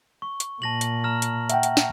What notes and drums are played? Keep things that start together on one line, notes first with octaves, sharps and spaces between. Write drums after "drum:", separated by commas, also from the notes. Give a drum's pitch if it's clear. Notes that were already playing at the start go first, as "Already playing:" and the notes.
C#6
drum: hi-hat
A#2 A5 A#6 F#7
drum: hi-hat
A#5 F6 A#6
drum: hi-hat
E5 F#5 G5, drum: hi-hat
drum: hi-hat
drum: snare